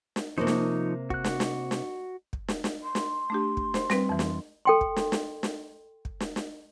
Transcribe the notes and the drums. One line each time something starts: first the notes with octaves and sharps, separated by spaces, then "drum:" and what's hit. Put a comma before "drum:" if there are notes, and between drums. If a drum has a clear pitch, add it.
drum: snare
C3 F3 A#3 D#4 C5 C#5
drum: snare
F#4 F#6, drum: kick
drum: snare
drum: snare
drum: snare
drum: kick
drum: snare
drum: snare
C6
drum: snare
A3 D4 G4
drum: kick
C5, drum: snare
G3 C4 B4, drum: snare
F2 E3
drum: snare
A4 G5 C6
drum: kick
drum: snare
drum: snare
drum: snare
drum: kick
drum: snare
drum: snare